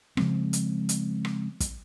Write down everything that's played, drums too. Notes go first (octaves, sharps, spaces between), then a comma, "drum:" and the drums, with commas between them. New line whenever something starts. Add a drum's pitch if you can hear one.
C#3 F3 G#3 C4, drum: rim click
drum: hi-hat
drum: hi-hat
drum: rim click
drum: kick, hi-hat